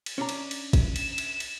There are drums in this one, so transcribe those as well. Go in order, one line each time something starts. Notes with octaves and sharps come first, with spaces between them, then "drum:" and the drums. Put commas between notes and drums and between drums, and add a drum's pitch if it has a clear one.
drum: cymbal
C#4 D4 A#5
drum: cymbal
drum: cymbal
drum: kick, cymbal
E7, drum: cymbal
drum: cymbal
drum: cymbal